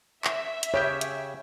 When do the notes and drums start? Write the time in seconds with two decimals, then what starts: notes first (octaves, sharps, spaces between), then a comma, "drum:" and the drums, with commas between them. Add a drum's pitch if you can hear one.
0.25 E5, drum: clap
0.63 drum: hi-hat
0.74 C#3 G4 C#5 G5
1.01 drum: hi-hat